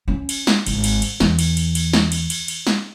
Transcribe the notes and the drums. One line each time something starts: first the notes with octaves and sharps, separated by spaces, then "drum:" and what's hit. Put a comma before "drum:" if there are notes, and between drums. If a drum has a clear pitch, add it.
C#4
drum: cymbal
drum: snare
G#1, drum: cymbal
drum: cymbal
drum: cymbal
E2, drum: snare
drum: cymbal
drum: cymbal
drum: cymbal
drum: snare
drum: cymbal
drum: cymbal
drum: cymbal
drum: snare